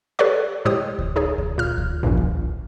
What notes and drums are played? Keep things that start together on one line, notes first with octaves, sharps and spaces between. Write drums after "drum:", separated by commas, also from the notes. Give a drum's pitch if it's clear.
G4 A4 B4 C#5 D5 C#6
A2 G#3 G4 C5 C#5 D#6
drum: kick D2
D#4 G#4 C#5
drum: kick D2
A#2 F6
drum: kick D2
A#1 E2 G2 A#2
drum: kick D2